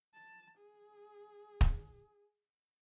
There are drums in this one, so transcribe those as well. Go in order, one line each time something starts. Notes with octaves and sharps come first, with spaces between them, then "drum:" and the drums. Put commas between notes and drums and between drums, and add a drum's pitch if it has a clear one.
A5
G#4
drum: kick